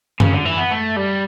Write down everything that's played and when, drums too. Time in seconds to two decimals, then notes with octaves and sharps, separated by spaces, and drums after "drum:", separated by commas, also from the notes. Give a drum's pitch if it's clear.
0.20 C#3, drum: tom F#2
0.33 D3
0.45 E3
0.57 B3
0.71 A3
0.97 G3